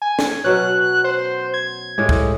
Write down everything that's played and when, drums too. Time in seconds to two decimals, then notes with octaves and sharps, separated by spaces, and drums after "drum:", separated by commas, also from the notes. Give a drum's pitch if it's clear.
0.02 G#5
0.19 drum: snare
0.44 B2 F#3 C#4 F#6
1.04 C5
1.54 G#6
1.98 A2 G#3 G4
2.09 drum: kick